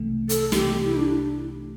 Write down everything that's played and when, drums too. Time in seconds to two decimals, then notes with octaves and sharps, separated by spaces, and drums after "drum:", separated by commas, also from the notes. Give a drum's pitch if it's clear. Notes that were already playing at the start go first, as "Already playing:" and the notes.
Already playing: C2 C3 E3 A3
0.29 A4, drum: hi-hat
0.52 C2 C3 E3 A3 G4, drum: snare
0.86 E4
0.97 D4